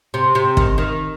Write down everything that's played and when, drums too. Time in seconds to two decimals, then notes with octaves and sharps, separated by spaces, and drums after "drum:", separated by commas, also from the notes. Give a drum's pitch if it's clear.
0.14 C3
0.35 C3
0.57 D#3, drum: kick
0.78 D#3